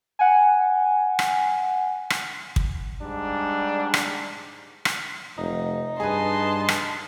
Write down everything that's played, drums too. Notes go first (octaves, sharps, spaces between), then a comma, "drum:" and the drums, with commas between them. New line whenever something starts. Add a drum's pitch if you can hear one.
F#5 G#5
drum: rim click
drum: rim click
drum: kick
G#2 G3 D4
drum: rim click
drum: rim click
F1 D#4
G2 G#4 B4 A5 C6
drum: rim click